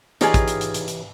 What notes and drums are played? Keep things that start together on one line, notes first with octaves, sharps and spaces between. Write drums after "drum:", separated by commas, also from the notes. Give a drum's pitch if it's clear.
E3 D#4 F4 G4 G#4 C#5, drum: hi-hat
drum: kick, hi-hat
drum: hi-hat
drum: hi-hat
drum: hi-hat
drum: hi-hat